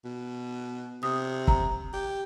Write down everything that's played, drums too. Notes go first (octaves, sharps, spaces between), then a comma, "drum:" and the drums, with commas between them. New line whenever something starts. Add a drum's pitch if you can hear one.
B2
C3 D#6
A#5, drum: kick
G4